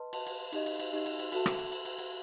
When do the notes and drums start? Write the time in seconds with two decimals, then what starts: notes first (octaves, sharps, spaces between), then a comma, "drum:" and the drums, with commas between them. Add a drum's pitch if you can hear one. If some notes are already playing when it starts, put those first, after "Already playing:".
Already playing: B4 D#5 A5 C6
0.13 B4 D#5 A5 C6, drum: cymbal
0.27 drum: cymbal
0.53 D#4 G4 D#5, drum: cymbal
0.66 drum: cymbal
0.80 drum: cymbal
0.93 D#4 G4 D#5
1.06 drum: cymbal
1.19 drum: cymbal
1.32 F#4 A4 E5 A5, drum: cymbal
1.46 drum: rim click
1.59 drum: cymbal
1.72 drum: cymbal
1.85 drum: cymbal
1.99 drum: cymbal